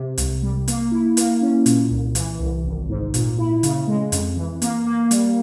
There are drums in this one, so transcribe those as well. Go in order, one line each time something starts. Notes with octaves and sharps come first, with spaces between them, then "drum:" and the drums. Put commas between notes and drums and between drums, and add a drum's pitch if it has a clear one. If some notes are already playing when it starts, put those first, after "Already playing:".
Already playing: C3
C2, drum: hi-hat
G3
A#3, drum: hi-hat
E4
A#3, drum: hi-hat
C#4
A#2, drum: hi-hat
C2
E3, drum: hi-hat
C2
G#1
G#2
A#2, drum: hi-hat
E4
C#3, drum: hi-hat
G#3
F2, drum: hi-hat
E3
A#3, drum: hi-hat
A#3
G3, drum: hi-hat